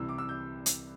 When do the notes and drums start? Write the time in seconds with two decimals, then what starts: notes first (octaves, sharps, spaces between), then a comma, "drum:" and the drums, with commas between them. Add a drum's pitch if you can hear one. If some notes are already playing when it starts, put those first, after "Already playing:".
Already playing: C2 C3 E3 E6
0.09 D6
0.18 E6
0.29 G6
0.66 drum: hi-hat